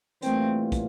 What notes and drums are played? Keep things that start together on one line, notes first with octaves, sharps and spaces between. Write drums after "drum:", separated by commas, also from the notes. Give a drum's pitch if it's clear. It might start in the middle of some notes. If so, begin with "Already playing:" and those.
A2 E3 G3 A3 A#3 C4 F4, drum: hi-hat
drum: kick, hi-hat